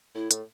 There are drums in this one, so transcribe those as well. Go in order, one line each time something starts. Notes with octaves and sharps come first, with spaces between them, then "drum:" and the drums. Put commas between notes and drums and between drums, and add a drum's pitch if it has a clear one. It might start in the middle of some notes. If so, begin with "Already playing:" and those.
A2 E4
A2, drum: hi-hat